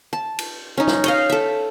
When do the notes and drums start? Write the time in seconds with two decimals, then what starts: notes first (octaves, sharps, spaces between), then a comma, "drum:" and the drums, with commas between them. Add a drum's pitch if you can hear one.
0.13 A5
0.39 drum: cymbal
0.78 C#4 D#4
0.87 drum: snare
1.04 C#5 D#5 F5, drum: cymbal
1.30 A4 E5